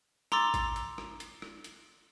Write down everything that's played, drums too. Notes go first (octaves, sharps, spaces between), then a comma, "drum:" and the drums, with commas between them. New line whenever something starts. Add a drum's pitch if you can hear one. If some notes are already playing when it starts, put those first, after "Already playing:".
A#5 C6 D6 E6 A6, drum: rim click
drum: kick G#1, hi-hat
drum: hi-hat
drum: rim click
drum: hi-hat
drum: rim click
drum: hi-hat